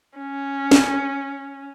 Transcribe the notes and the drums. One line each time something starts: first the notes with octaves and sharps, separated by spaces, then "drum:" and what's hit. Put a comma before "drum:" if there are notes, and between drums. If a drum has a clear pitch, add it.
C#4
drum: snare